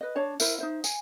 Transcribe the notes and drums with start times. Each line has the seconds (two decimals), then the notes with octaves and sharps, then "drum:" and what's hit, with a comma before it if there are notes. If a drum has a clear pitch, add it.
0.01 B4 D#5
0.15 D4 C#5 A5
0.40 E4 A#4 C5 E5, drum: tambourine
0.58 D#4 C5 E5
0.84 G#5, drum: tambourine